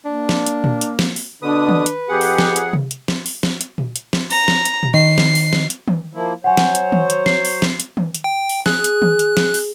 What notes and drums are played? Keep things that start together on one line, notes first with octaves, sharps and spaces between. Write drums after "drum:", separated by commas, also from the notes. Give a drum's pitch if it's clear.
A#3 D4
drum: snare
drum: hi-hat
drum: tom A#2
drum: hi-hat
drum: snare
drum: open hi-hat
B2 D3 D4 B4 D#6
drum: tom D#3
drum: hi-hat
F2 G4 G#4 F#5
drum: open hi-hat
drum: snare
drum: hi-hat
drum: tom C3
drum: hi-hat
drum: snare
drum: open hi-hat
drum: snare
drum: hi-hat
drum: tom A#2
drum: hi-hat
drum: snare
A#5, drum: open hi-hat
drum: snare
drum: hi-hat
drum: tom A#2
D#3 C7
drum: snare
drum: open hi-hat
drum: snare
drum: hi-hat
drum: tom D#3
F3 A#3 E4
F#3 C5 C#5 F#5 G#5
drum: snare
drum: hi-hat
drum: tom D#3
drum: hi-hat
C7, drum: snare
drum: open hi-hat
drum: snare
drum: hi-hat
drum: tom D#3
drum: hi-hat
G5
drum: open hi-hat
G#4 F#6, drum: snare
drum: hi-hat
drum: tom D#3
drum: hi-hat
drum: snare
drum: open hi-hat